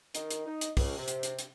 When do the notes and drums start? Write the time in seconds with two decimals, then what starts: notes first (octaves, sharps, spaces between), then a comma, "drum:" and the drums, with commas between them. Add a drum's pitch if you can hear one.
0.15 D#3, drum: hi-hat
0.30 drum: hi-hat
0.46 D#4
0.61 drum: hi-hat
0.77 C#2, drum: kick, open hi-hat
0.98 C3
1.08 drum: hi-hat
1.23 drum: hi-hat
1.39 drum: hi-hat